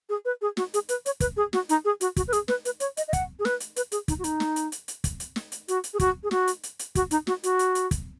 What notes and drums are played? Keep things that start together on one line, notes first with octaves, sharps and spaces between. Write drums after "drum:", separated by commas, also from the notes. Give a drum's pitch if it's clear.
G#4
B4
G#4
F#4, drum: snare
G#4, drum: hi-hat
B4, drum: hi-hat
C#5, drum: hi-hat
B4, drum: kick, hi-hat
G#4
F#4, drum: snare
D#4, drum: hi-hat
G#4
F#4, drum: hi-hat
F#4, drum: kick, hi-hat
B4
G#4, drum: hi-hat
B4, drum: snare
B4, drum: hi-hat
C#5, drum: hi-hat
D#5, drum: hi-hat
D#5
F#5, drum: kick, hi-hat
G#4
B4, drum: snare
drum: hi-hat
B4, drum: hi-hat
G#4, drum: hi-hat
D#4, drum: kick, hi-hat
F#4
D#4, drum: hi-hat
drum: snare
drum: hi-hat
drum: hi-hat
drum: hi-hat
drum: kick, hi-hat
drum: hi-hat
drum: snare
drum: hi-hat
F#4, drum: hi-hat
drum: hi-hat
G#4
F#4, drum: kick, hi-hat
G#4
F#4, drum: snare
drum: hi-hat
drum: hi-hat
drum: hi-hat
F#4, drum: kick, hi-hat
D#4, drum: hi-hat
F#4, drum: snare
F#4, drum: hi-hat
drum: hi-hat
drum: hi-hat
drum: kick, hi-hat